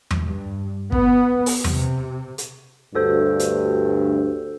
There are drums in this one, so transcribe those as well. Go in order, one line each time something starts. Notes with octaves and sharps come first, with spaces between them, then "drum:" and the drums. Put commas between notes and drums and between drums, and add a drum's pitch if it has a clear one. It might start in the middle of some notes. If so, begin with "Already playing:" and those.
drum: tom E2
G2
B3, drum: kick
drum: open hi-hat
C3, drum: tom E2
drum: hi-hat
D2 G2 F#4 A4 C5
drum: hi-hat